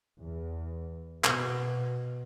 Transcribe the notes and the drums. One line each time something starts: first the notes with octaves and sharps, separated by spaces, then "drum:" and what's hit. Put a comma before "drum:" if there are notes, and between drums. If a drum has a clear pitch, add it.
E2
B2, drum: clap